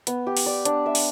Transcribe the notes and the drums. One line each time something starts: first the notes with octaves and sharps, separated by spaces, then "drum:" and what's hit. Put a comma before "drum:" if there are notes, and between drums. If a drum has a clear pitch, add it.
B3, drum: hi-hat
G4
drum: open hi-hat
D5
D4, drum: hi-hat
E5
drum: open hi-hat